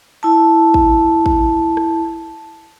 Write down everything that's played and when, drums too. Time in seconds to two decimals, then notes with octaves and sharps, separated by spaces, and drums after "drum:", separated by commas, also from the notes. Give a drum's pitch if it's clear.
0.23 E4 A5
0.74 drum: kick
1.26 drum: kick
1.77 drum: rim click